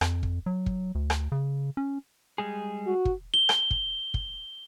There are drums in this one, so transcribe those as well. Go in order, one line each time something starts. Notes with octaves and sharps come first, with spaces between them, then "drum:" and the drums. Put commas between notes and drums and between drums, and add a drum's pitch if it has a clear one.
F2, drum: rim click
drum: kick
F#3
drum: kick
D2
drum: rim click
C#3
C#4
G3 G#3 G#4
F#4
drum: kick
G7
drum: rim click
drum: kick
drum: kick